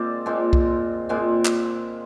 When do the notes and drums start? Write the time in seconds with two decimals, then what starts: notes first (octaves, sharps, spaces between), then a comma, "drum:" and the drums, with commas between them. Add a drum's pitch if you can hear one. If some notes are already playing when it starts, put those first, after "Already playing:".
Already playing: A#2 G#3 C4 C5 D5
0.26 A#2 G#3 C4
0.53 drum: kick B1
1.09 A#2 G#3 C4
1.45 drum: clap